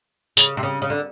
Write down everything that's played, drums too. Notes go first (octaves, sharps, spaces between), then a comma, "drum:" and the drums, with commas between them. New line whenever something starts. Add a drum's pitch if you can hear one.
C#3, drum: tambourine
C3
C#3
C#3
D3